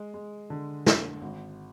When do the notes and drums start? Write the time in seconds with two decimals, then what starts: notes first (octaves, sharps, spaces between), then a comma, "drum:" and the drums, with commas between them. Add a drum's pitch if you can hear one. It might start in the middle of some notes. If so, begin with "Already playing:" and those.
Already playing: G#3
0.14 G#3
0.50 D3
0.86 D3, drum: snare
1.22 G#1